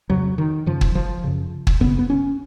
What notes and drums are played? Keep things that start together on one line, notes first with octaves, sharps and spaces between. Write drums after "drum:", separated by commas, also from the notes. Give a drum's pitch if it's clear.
F2 C#3 F#3
D#3
F#2 C#3 F3
drum: kick
F3
F#2 C#3
drum: kick
F#2 C#3 B3
B3
C#4